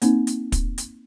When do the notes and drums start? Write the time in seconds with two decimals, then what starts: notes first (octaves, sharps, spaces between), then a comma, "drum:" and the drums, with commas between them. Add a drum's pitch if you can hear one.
0.02 A#3 C4 D#4, drum: hi-hat
0.27 drum: hi-hat
0.52 drum: kick, hi-hat
0.78 drum: hi-hat